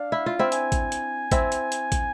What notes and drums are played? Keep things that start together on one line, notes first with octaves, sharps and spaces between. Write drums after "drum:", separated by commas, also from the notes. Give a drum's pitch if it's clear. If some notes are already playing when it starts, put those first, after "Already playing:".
Already playing: D4 F5
E4
F4
C4 E4
G#5, drum: hi-hat
drum: kick, hi-hat
drum: hi-hat
C4 E4, drum: kick, hi-hat
drum: hi-hat
drum: hi-hat
drum: kick, hi-hat